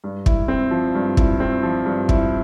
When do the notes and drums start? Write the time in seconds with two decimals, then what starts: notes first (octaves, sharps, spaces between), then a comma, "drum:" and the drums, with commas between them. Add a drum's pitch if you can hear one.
0.04 G2
0.26 E4, drum: kick
0.48 C4
0.71 F3
0.95 G2
1.17 E4, drum: kick
1.40 C4
1.63 F3
1.86 G2
2.09 E4, drum: kick